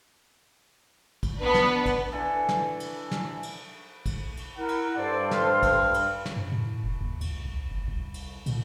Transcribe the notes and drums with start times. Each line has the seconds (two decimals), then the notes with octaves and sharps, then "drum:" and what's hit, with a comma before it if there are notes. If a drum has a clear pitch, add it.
1.23 drum: kick, cymbal
1.38 B3 D4 B4
1.54 drum: snare
1.86 drum: kick, cymbal
2.12 D3 E3 A4
2.49 drum: snare
2.80 drum: cymbal
3.11 drum: snare
3.43 drum: cymbal
4.06 drum: kick, cymbal
4.37 drum: cymbal
4.57 E4 A#4 F#5
4.68 drum: cymbal
4.96 G2 A4 C5 D5
5.31 F6, drum: snare
5.63 drum: kick, cymbal
5.94 drum: cymbal
6.26 drum: snare
6.36 F#2
6.52 A2
6.84 F1
7.01 D#2
7.21 C#2, drum: cymbal
7.45 A#1
7.71 F#1
7.88 C2
8.14 drum: cymbal
8.46 A#2, drum: cymbal